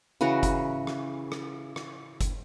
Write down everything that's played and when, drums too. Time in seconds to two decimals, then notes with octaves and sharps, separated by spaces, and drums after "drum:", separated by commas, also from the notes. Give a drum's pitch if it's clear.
0.21 C#3 E3 F#4 A#5
0.43 drum: kick F#1, hi-hat
0.87 drum: rim click
1.32 drum: rim click
1.76 drum: rim click
2.21 drum: kick F#1, hi-hat